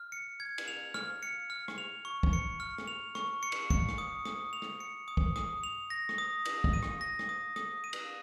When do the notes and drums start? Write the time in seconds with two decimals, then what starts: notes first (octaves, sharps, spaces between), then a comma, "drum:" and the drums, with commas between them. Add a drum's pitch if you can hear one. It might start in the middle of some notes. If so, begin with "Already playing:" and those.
Already playing: F6
0.12 C#7
0.40 G#6
0.58 drum: cymbal
0.68 F7
0.94 F6, drum: rim click
1.23 C#7
1.50 F6
1.68 drum: rim click
1.78 F7
2.05 C#6
2.23 drum: kick
2.33 C#7
2.60 F6
2.78 drum: rim click
2.88 F7
3.15 C#6, drum: rim click
3.43 C#7
3.52 drum: cymbal
3.70 C#7, drum: kick
3.89 drum: rim click
3.98 D#6
4.25 D#6, drum: rim click
4.53 F7
4.62 drum: rim click
4.80 C#7
5.08 D#6
5.17 drum: kick
5.36 D#6, drum: rim click
5.64 F7
5.90 A#6
6.09 drum: rim click
6.18 D#6
6.45 D#6, drum: cymbal
6.64 drum: kick
6.73 D#7
6.83 drum: rim click
7.01 A#6
7.19 drum: rim click
7.29 D#6
7.56 D#6, drum: rim click
7.84 D#7
7.93 drum: cymbal